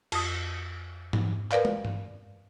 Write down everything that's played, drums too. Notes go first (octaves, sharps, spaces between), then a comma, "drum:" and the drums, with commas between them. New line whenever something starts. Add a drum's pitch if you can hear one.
F2 D#6, drum: cymbal
drum: tom G#2
A#4 B4 D5 F5, drum: clap
drum: tom
drum: tom G2